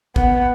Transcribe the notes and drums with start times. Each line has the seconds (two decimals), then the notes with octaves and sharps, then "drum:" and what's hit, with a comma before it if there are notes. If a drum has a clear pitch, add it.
0.16 B3, drum: kick A1